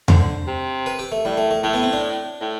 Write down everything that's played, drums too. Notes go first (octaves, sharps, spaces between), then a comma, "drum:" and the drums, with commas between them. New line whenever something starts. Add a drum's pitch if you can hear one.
D3 C5, drum: tom E2
C3
B4
G4
A3
A2 G3
A3
A3
A2 A3
B3
C4
D4
A2